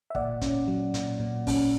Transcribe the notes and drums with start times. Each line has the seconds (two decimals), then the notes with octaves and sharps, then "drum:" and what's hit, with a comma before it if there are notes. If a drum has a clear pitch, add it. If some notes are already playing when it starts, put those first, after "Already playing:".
0.10 E5
0.15 A#2 D5 F#5, drum: kick
0.41 C#4, drum: kick, hi-hat
0.68 F#3
0.94 A#2, drum: hi-hat
1.20 A#2
1.47 C#4, drum: kick, open hi-hat